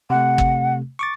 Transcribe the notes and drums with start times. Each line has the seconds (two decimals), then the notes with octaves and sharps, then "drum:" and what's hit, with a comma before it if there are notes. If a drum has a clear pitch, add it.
0.10 C3 A3 F#5
0.38 drum: kick
0.99 C#6 D6 A6